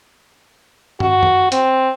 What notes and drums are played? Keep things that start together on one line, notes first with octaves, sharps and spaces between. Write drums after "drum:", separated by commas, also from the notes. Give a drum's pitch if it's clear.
F#4, drum: tom
drum: tom F#2
C4, drum: hi-hat